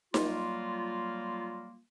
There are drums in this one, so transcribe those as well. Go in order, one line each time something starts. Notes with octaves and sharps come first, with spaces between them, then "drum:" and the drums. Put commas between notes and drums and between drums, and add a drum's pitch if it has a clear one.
F#3 G3 A#3 F4, drum: snare D#4